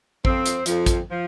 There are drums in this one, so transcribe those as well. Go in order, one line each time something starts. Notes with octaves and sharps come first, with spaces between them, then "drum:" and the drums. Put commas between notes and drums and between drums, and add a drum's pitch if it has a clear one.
F2 F3 C4, drum: kick
drum: hi-hat
F2 F3, drum: hi-hat
drum: kick, hi-hat
F3